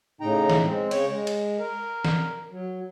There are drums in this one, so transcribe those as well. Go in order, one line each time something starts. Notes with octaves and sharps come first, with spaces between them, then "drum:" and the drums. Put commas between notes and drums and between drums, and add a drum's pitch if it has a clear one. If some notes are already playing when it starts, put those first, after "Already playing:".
A2 C#3 D#4 G5 A#5
drum: snare
G#3 C4
C#3 C#5 G5, drum: cymbal
G#3
drum: cymbal
A#4
drum: snare
F#3